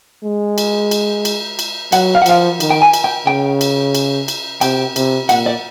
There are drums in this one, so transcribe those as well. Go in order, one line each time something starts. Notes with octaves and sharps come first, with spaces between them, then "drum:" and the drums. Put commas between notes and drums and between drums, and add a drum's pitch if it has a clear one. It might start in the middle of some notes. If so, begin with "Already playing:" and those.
G#3
drum: cymbal
drum: cymbal
drum: cymbal
drum: cymbal
F#3 F#5, drum: cymbal
F5
F#5
F3 F5, drum: cymbal
D#3, drum: cymbal
G5
G#5
drum: cymbal
G5
C#3 G5
drum: cymbal
drum: cymbal
drum: cymbal
C3 G5, drum: cymbal
C3, drum: cymbal
A#2 F#5, drum: cymbal
D5